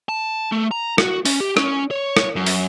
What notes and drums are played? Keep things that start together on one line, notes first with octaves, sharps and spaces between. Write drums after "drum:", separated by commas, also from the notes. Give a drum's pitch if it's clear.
A5
A3
A#5
F#4, drum: rim click
C#4, drum: open hi-hat
G4
C#4, drum: rim click
C#5
drum: rim click
F#2
drum: open hi-hat